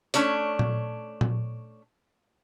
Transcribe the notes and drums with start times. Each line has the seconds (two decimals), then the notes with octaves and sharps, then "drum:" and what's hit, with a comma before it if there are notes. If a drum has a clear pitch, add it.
0.14 A3 C#4 D4 C#5, drum: hi-hat
0.59 drum: tom A#2
1.21 drum: tom A#2